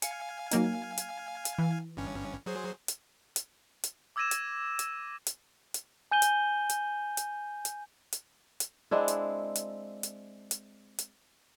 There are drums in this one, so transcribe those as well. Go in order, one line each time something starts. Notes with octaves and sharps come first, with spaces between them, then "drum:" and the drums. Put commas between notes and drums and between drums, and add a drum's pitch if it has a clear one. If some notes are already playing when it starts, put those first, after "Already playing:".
F5 G#5 C#7, drum: hi-hat
F#3 A#3 D#4, drum: hi-hat
drum: hi-hat
drum: hi-hat
E3
G1 G2 C#4
F#3 G#4 C5
drum: hi-hat
drum: hi-hat
drum: hi-hat
D6 E6 G#6 A#6 D#7 E7
drum: hi-hat
drum: hi-hat
drum: hi-hat
drum: hi-hat
G#5 G6 D#7 G7
drum: hi-hat
drum: hi-hat
drum: hi-hat
drum: hi-hat
drum: hi-hat
drum: hi-hat
G#3 C4 D4 E4
drum: hi-hat
drum: hi-hat
drum: hi-hat
drum: hi-hat
drum: hi-hat